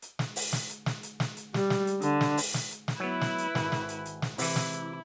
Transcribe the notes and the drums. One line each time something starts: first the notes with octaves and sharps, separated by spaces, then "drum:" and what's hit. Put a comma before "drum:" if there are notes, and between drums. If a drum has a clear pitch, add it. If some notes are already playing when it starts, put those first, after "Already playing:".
drum: hi-hat
drum: snare
drum: open hi-hat
drum: snare
drum: hi-hat
drum: snare
drum: hi-hat
drum: snare
drum: hi-hat
G3, drum: snare
drum: snare
drum: hi-hat
D3, drum: hi-hat
drum: snare
drum: open hi-hat
drum: snare
drum: hi-hat
drum: snare
F#3 B3 E4 B4
drum: snare
drum: hi-hat
G#1, drum: snare
drum: snare
drum: hi-hat
drum: hi-hat
drum: snare
C3 E3 E4, drum: open hi-hat
drum: snare
drum: hi-hat